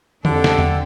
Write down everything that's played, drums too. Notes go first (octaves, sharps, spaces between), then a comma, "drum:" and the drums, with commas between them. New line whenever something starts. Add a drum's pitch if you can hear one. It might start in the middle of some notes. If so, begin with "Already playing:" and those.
F2 D3 D4 G4 A4, drum: tom D3
drum: snare
drum: tom E2